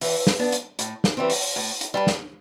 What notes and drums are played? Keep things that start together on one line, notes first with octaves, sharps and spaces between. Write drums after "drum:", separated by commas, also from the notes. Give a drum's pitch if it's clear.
E3, drum: open hi-hat
drum: snare
B3 D4
drum: hi-hat
A2, drum: hi-hat
drum: snare
E3 G3 C4
drum: open hi-hat
A2
drum: hi-hat
G3 D4 G4 B4
drum: snare